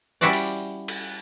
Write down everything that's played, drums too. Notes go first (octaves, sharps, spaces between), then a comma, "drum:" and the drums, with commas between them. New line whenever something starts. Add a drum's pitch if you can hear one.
G3 C#4 E4 F#4 C5 D5
drum: open hi-hat
drum: cymbal